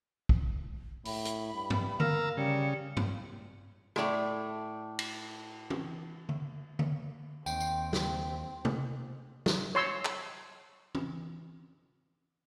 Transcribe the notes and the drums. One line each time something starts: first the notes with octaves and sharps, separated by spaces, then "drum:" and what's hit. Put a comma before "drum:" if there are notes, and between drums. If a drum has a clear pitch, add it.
drum: kick
A2 B5, drum: open hi-hat
drum: hi-hat
G2
drum: tom G2
A#4 F5 A#5 E6 F6, drum: tom D3
C#3 G3 C#7
drum: tom G2
A2 A3 D5, drum: rim click
drum: cymbal
drum: tom
drum: tom D3
drum: tom D3
D#2 C4 G5, drum: tambourine
drum: tambourine
drum: snare
drum: tom
drum: snare
C#5 C6 E6
drum: clap
drum: tom